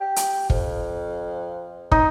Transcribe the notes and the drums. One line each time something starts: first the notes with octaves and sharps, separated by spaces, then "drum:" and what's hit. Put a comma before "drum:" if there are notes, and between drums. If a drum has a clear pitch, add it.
G4
drum: hi-hat
F2, drum: kick
D#4, drum: kick